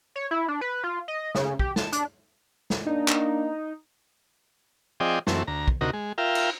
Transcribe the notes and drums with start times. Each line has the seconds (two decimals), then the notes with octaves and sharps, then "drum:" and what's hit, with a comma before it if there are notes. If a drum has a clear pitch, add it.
0.16 C#5
0.31 E4
0.48 D4
0.61 B4
0.84 F4
1.08 D#5
1.35 C#3, drum: snare
1.59 G4, drum: kick
1.76 A5, drum: snare
1.92 D4, drum: hi-hat
2.70 drum: snare
2.87 A#3 D4 D#4
3.08 drum: clap
5.00 F3 C4 G#4 D5 D#5 G5
5.27 F#2 E3 A3 C4, drum: snare
5.47 D2 A#5
5.68 drum: kick
5.81 D2 C3 D#4 F#4 A#4
5.93 G#3
6.18 F4 A#4 E5 F5 G5
6.35 drum: cymbal